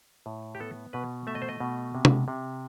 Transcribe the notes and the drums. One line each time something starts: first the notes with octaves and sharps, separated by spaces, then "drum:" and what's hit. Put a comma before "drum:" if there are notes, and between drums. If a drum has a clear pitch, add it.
A2
G4
B3 A4
B2 B4
A3 E5
D#5
C5
D#5
B2
C3
drum: tom
C3